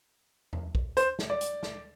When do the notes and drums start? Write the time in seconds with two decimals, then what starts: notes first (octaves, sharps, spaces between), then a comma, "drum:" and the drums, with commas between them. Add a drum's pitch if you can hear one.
0.53 drum: tom E2
0.75 drum: kick
0.97 C5, drum: hi-hat
1.19 drum: snare
1.30 D5
1.41 drum: hi-hat
1.63 drum: snare